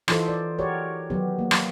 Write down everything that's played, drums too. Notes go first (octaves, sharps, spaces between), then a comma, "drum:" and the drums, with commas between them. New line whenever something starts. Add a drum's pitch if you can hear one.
E3 D#4 F4 A4 C5, drum: rim click
D5
F#4 G4 A#4 C#5 D5
D#3 F#3 B3 G4
A#3
drum: rim click